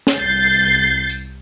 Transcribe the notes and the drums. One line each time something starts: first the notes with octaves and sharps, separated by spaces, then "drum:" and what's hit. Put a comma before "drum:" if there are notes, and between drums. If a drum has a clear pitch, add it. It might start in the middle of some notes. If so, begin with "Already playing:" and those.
drum: snare
C2 G6 A6 C7
drum: tambourine